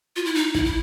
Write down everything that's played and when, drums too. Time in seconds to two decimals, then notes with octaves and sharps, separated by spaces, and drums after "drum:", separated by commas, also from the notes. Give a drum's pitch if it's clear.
0.16 F4
0.25 E4
0.35 D#4
0.54 E4, drum: kick
0.65 E4